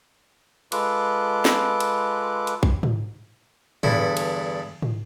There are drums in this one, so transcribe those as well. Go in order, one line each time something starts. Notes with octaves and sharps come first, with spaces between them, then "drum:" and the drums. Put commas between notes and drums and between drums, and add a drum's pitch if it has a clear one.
G#3 F4 A4 B4 D6 F#6, drum: cymbal
drum: snare
drum: cymbal
drum: hi-hat
drum: kick
drum: tom
E2 G2 D3 E4, drum: tom
drum: cymbal
drum: tom